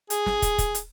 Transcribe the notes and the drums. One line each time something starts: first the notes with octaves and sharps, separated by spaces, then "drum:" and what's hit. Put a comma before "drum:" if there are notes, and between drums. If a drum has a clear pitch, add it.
G#4, drum: hi-hat
drum: snare
drum: kick, hi-hat
drum: kick, hi-hat
drum: hi-hat